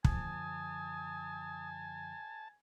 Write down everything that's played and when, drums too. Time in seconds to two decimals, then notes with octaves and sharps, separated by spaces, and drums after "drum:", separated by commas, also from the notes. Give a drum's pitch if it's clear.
0.05 F#2 D3 F3 G#5 A5 D#6, drum: kick